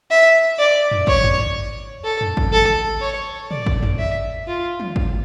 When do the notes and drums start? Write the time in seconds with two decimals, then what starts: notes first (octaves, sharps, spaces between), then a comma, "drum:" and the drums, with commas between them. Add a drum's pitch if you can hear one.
0.11 E5
0.59 D5
0.91 drum: tom
1.07 C#5, drum: kick
1.24 drum: tom
2.04 A4
2.21 drum: tom
2.37 drum: kick
2.53 A4, drum: tom
3.01 C#5
3.51 D5, drum: tom
3.66 drum: kick
3.83 drum: tom
3.99 E5
4.48 F4
4.80 drum: tom
4.96 drum: kick